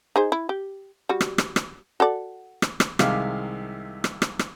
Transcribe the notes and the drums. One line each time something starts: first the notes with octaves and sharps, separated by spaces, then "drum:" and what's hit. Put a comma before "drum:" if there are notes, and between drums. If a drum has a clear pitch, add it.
D#4 G#4 C5
E4
G4
G3 F#4
drum: rim click
drum: rim click
drum: rim click
F#4 A4 D5
drum: rim click
drum: rim click
C2 C3 D#3 G#3 F5 D6, drum: rim click
drum: rim click
drum: rim click
drum: rim click